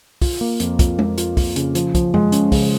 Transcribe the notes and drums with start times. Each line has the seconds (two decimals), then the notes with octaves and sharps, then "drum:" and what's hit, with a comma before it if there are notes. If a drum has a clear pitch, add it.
0.22 F4, drum: kick, open hi-hat
0.41 A#3
0.60 F2, drum: hi-hat
0.79 F4, drum: kick, hi-hat
0.99 F2, drum: tom G#3
1.18 F4, drum: hi-hat
1.37 F4, drum: kick, open hi-hat
1.56 C#3, drum: hi-hat
1.75 F3, drum: hi-hat
1.95 F3, drum: kick, hi-hat
2.14 G#3, drum: tom F#2
2.32 C#4, drum: hi-hat
2.52 C#3, drum: kick, open hi-hat